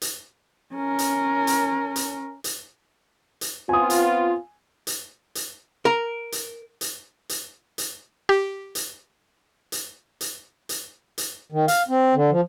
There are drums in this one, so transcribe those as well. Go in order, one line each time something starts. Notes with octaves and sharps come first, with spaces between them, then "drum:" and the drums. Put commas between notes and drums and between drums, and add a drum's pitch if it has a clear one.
drum: hi-hat
C#4 A#4
drum: hi-hat
drum: hi-hat
drum: hi-hat
drum: hi-hat
drum: hi-hat
B3 C4 F4 G#5 D#6
drum: hi-hat
drum: hi-hat
drum: hi-hat
A#4
drum: hi-hat
drum: hi-hat
drum: hi-hat
drum: hi-hat
G4
drum: hi-hat
drum: hi-hat
drum: hi-hat
drum: hi-hat
drum: hi-hat
D#3
F5, drum: hi-hat
C4
D3
F3